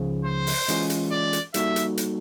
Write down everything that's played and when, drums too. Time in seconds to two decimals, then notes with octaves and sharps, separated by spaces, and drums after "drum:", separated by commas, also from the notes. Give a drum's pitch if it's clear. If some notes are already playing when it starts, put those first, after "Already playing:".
Already playing: C#2 C#3 F3
0.25 C5
0.47 drum: open hi-hat
0.68 E3 G#3 C#4 F4 G#4, drum: hi-hat
0.90 drum: hi-hat
1.11 D5
1.33 drum: hi-hat
1.54 G3 A#3 D#4 F#4 A4 E5, drum: hi-hat
1.76 drum: hi-hat
1.97 drum: hi-hat